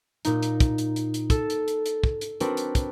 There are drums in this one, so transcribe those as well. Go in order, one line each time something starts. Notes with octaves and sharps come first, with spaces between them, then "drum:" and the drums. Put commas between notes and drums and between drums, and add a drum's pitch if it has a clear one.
A#2 D#4, drum: hi-hat
drum: hi-hat
drum: kick, hi-hat
drum: hi-hat
drum: hi-hat
drum: hi-hat
A4 E7, drum: kick, hi-hat
drum: hi-hat
drum: hi-hat
drum: hi-hat
drum: kick
drum: hi-hat
C4 D4 F#4 A#4 B4, drum: hi-hat
drum: hi-hat
drum: kick, hi-hat